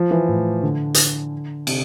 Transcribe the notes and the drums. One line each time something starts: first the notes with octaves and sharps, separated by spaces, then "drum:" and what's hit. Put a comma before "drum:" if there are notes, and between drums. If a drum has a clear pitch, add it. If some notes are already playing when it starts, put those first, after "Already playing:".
Already playing: F3
E3
A2
D3
drum: hi-hat
C3, drum: cymbal